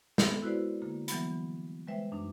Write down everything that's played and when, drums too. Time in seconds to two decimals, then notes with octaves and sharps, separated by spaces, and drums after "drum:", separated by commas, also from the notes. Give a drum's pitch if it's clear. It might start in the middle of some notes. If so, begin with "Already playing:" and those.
0.18 G#3 B3 C4 A4 E5, drum: snare
0.43 E4 F#4 B4 C5 D5
0.82 D3 A#3
1.08 E3 F#3 G3 B3, drum: hi-hat
1.87 G3 G#3 B4 C5 E5 G5
2.12 F#2 D4 D#4